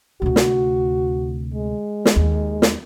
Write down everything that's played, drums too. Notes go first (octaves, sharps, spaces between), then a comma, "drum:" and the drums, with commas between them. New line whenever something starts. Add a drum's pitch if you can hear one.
D2 C3 F#4
drum: snare
G#3
drum: snare
D#2
drum: snare